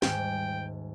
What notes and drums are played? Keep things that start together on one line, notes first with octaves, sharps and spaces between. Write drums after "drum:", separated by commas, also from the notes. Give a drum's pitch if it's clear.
D#1 G#2 G5 G#5, drum: snare